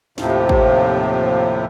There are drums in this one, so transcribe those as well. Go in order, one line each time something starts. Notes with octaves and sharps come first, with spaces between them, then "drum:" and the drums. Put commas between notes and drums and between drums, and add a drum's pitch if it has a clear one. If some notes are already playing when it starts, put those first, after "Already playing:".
D#2 A2 C3 F3, drum: snare
drum: kick